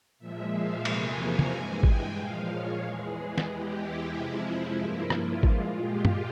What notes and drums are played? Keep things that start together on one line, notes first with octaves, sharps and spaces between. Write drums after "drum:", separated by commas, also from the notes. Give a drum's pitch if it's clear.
A#2 F3 G#3 E5
F5
E2 C3 F3 A#3 G#5, drum: cymbal
A#5
drum: tom
G2 E3 G#3 G#5
G5, drum: kick G#1
A#2 F3 G#3 F5
C#5
E2 E3 G#3 G#4
drum: snare
E2 E3 G#3 G4
E4
F2 C3 F3 G#3 E4
G2 F3 A#3
F4, drum: rim click
A#2 G#3, drum: kick G#1
G4
drum: tom